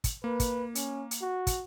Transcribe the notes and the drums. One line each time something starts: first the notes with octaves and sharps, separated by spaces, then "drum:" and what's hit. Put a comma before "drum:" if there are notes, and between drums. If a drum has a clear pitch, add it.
drum: kick, hi-hat
A#3 B4
drum: kick, hi-hat
C#4, drum: hi-hat
drum: hi-hat
F#4
drum: kick, hi-hat